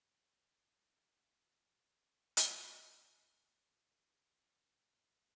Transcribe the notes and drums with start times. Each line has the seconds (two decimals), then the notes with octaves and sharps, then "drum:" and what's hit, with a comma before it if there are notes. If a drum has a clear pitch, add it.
0.20 G6 G#6
2.37 drum: hi-hat
4.71 A1
4.86 C2 G#3
5.00 A#2 C#3
5.20 D#4